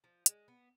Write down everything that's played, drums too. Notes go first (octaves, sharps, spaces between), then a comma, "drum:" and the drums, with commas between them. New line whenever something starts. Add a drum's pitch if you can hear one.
F3
G#3, drum: hi-hat
B3